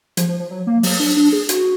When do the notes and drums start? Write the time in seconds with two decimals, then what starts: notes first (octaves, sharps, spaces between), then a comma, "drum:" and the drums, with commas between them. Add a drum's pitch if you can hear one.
0.17 F3, drum: hi-hat
0.28 F3
0.39 F3
0.51 F#3
0.67 A#3
0.83 F#3, drum: open hi-hat
1.00 D4
1.17 D4
1.33 G#4
1.49 F#4, drum: hi-hat